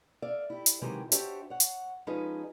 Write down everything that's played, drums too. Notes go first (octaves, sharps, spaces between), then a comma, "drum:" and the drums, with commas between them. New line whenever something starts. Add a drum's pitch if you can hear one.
D5 E5 F5
E4 G4
drum: hi-hat
C3 D#3 E3 F#3 G#3 G4
D4 F#4 G4 C5 C#5 E5, drum: hi-hat
C#5 F#5
drum: hi-hat
F3 G#3 C#4 D#4 G#4 B4